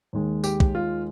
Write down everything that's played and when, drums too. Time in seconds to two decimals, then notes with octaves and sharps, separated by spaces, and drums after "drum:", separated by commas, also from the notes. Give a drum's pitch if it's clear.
0.13 D#2 D#3 G#3
0.44 G4, drum: tambourine
0.60 drum: kick
0.75 F4